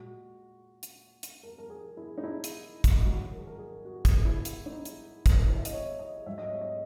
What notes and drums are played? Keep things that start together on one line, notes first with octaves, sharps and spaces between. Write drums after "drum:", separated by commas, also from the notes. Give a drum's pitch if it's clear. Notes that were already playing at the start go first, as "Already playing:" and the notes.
Already playing: A#2 G#3 F#4
drum: hi-hat
drum: hi-hat
A#4
A#4
G#4
E4
D#4
E4
drum: hi-hat
drum: kick, hi-hat
G#2 D#3 F#3 F#4
A#4
G#4
A#4
G#4
F#4
drum: kick, hi-hat
E4
drum: hi-hat
D#4
drum: hi-hat
drum: kick, hi-hat
E4
E5
D#5, drum: hi-hat
C#5
D#5
G#2 F#3 E5
D#5
C#5
D#5